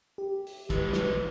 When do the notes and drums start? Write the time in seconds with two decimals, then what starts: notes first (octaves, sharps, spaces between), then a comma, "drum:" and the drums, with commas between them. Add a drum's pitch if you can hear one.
0.18 G4
0.47 drum: open hi-hat
0.70 E3 G#3 A4 B4, drum: kick, hi-hat
0.93 drum: snare